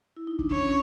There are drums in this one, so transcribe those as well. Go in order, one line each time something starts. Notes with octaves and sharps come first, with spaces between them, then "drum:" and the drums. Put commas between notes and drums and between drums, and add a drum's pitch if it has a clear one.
E4
D#4
D4, drum: kick
C#4 C#5, drum: kick